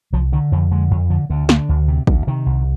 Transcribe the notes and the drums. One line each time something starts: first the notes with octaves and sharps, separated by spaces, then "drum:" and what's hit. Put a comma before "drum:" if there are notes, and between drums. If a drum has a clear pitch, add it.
C2 F3
D3 D#3
F2 F3
D3 G#3
F2
D3 F3
D2 D3
D3, drum: snare
D2
C3
D2, drum: kick
C3 D#3
C2